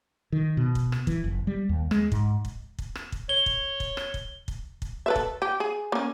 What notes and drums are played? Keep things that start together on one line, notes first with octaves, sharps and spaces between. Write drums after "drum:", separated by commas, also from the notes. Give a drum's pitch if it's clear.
D#3
B2
drum: kick
drum: rim click
E3, drum: kick
F#1
G3
D#2
G#3, drum: rim click
G#2, drum: kick
drum: kick
drum: kick
drum: rim click
drum: kick
C#5 G7
drum: kick
drum: kick
drum: rim click
drum: kick
drum: kick
drum: kick
A4 B4 E5
drum: kick
G4
G#4
A#3 C#4